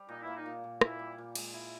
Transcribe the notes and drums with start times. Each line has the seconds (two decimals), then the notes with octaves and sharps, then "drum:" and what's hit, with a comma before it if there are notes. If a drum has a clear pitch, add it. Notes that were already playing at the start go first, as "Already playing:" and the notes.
Already playing: G3
0.09 A#2 D#4
0.23 A#3 E4
0.37 D#4
0.46 A#2
0.64 A#2
0.81 A#2 E4, drum: rim click
0.99 G3
1.18 A#2
1.35 G#3, drum: cymbal
1.54 E4